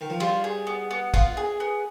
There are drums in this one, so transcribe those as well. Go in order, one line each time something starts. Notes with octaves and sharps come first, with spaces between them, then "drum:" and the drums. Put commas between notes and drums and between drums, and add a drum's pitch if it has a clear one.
D#3
F3
G3 F4, drum: cymbal
G#4
B3
B3
F4, drum: kick, cymbal
G#4
B3